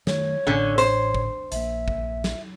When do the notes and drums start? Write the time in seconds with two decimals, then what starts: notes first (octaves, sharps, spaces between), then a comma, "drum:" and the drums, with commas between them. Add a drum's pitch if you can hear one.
0.07 D#3 A3 C#5, drum: snare
0.47 A1 A2 D3 C#4
0.78 C5, drum: hi-hat
1.14 drum: kick G#1
1.52 A#1 A#3 E5, drum: hi-hat
1.88 drum: kick G#1
2.24 drum: snare